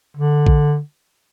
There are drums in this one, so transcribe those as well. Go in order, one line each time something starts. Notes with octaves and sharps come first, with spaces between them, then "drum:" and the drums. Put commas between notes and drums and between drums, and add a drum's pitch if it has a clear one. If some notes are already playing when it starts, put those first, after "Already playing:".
D3
drum: kick